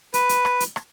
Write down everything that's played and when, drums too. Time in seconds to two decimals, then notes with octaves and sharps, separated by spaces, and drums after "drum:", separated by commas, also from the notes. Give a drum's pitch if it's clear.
0.14 B4, drum: hi-hat
0.29 drum: hi-hat
0.45 drum: rim click
0.60 drum: hi-hat
0.76 drum: rim click